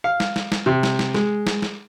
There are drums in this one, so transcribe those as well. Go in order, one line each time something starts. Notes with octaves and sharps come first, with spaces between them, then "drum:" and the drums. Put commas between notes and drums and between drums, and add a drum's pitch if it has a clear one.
F5
drum: snare
drum: snare
drum: snare
C3
drum: snare
drum: snare
G#3, drum: snare
drum: snare
drum: snare